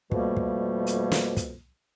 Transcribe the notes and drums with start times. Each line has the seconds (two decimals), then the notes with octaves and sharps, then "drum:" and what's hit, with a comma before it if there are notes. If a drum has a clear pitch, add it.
0.12 F2 B2 G3 A3 A#3, drum: kick
0.37 drum: kick
0.87 drum: hi-hat
1.12 drum: snare
1.37 drum: kick, hi-hat